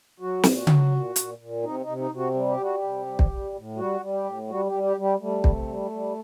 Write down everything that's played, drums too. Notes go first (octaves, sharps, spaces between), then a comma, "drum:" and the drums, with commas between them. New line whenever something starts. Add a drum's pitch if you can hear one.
F#3 F#4
A#2, drum: snare
F#4
F#3, drum: tom C#3
A#2
A#2, drum: hi-hat
A#2
C3 D#4
C3 D#4
D#4
C3
F#4
G3
G4
G3 F#4
G4
C3
G3
drum: kick
G3
A2
G3 F#4
G3
G4
A2
G3 F#4
G3 G4
G4
G3 G4
G3 A3
C3, drum: kick
G3
G3